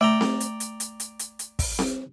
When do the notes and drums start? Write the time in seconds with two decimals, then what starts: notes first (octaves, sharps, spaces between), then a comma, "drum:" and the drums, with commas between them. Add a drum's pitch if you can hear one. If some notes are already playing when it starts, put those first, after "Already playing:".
0.01 A3 D5 G5 A#5
0.21 drum: snare C4
0.40 drum: hi-hat
0.60 drum: hi-hat
0.80 drum: hi-hat
1.00 drum: hi-hat
1.19 drum: hi-hat
1.39 drum: hi-hat
1.59 drum: kick, open hi-hat
1.79 drum: snare C4